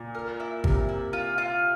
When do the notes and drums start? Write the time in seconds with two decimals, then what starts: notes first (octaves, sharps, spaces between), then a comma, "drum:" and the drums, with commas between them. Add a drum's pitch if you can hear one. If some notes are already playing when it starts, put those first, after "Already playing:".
Already playing: A#2
0.15 A#4
0.40 E4
0.64 C3 A#4, drum: kick G#1
0.89 E4
1.13 F4
1.38 F4